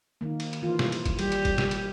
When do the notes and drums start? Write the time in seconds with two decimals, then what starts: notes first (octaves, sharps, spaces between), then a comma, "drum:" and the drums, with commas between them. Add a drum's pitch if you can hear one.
0.21 D#3 A#3
0.40 drum: cymbal
0.53 drum: cymbal
0.63 E3 A#3 F4
0.79 drum: snare
0.92 drum: cymbal
1.06 drum: kick G1, cymbal
1.19 G3 G4, drum: cymbal
1.32 drum: cymbal
1.45 drum: kick G1, cymbal
1.58 drum: snare
1.71 drum: cymbal